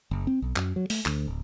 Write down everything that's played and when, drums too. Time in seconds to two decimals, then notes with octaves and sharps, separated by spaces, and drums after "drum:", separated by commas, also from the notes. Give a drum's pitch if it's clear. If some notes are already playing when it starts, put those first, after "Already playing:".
0.11 F#1
0.27 C4
0.42 B1
0.56 F#2, drum: clap
0.76 F#3
0.90 A3, drum: open hi-hat
1.06 D2, drum: clap
1.27 D1